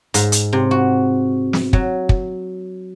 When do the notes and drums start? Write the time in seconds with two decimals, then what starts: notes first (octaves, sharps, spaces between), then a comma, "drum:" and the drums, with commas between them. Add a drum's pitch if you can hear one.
0.14 G#2, drum: hi-hat
0.32 drum: hi-hat
0.53 C3
0.71 F#4
1.53 drum: snare
1.73 F#3, drum: kick
2.09 drum: kick